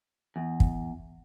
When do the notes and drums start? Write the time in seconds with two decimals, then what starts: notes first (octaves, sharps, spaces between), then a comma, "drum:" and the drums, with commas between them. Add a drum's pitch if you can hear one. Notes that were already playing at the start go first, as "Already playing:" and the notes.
0.36 E2
0.60 drum: kick